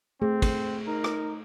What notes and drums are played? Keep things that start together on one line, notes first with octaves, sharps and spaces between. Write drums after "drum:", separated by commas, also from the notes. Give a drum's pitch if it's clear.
A3 C4 G#4
drum: kick, cymbal
D#4 A#4
drum: rim click